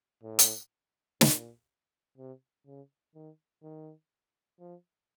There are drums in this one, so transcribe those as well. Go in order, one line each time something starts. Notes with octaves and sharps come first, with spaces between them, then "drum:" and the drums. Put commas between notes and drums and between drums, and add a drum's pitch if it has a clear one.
A2
drum: hi-hat
A#2, drum: snare
C3
C#3
D#3
D#3
F3